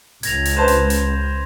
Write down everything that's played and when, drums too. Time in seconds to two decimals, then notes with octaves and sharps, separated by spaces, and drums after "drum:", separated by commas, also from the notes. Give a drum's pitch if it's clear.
0.23 C#2 G#6 A#6 F7, drum: hi-hat
0.45 drum: hi-hat
0.57 B4 C5 A5 E7
0.68 drum: hi-hat
0.90 drum: hi-hat